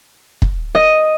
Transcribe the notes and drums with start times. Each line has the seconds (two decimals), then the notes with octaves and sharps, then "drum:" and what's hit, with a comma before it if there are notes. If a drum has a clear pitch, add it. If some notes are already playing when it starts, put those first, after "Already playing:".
0.42 drum: kick
0.75 D#5